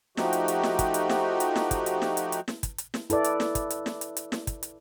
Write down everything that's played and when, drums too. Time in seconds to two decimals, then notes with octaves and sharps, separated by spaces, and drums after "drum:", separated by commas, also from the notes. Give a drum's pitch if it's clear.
0.17 F3 A3 D#4 F#4 G4, drum: snare
0.33 drum: hi-hat
0.48 drum: hi-hat
0.63 drum: snare
0.79 drum: kick, hi-hat
0.94 drum: hi-hat
1.09 drum: snare
1.40 drum: hi-hat
1.56 drum: snare
1.71 drum: kick, hi-hat
1.86 drum: hi-hat
2.02 drum: snare
2.17 drum: hi-hat
2.32 drum: hi-hat
2.48 drum: snare
2.63 drum: kick, hi-hat
2.78 drum: hi-hat
2.94 drum: snare
3.10 E4 A4 B4 D5, drum: hi-hat
3.24 drum: hi-hat
3.40 drum: snare
3.55 drum: kick, hi-hat
3.70 drum: hi-hat
3.86 drum: snare
4.01 drum: hi-hat
4.17 drum: hi-hat
4.32 drum: snare
4.47 drum: kick, hi-hat
4.63 drum: hi-hat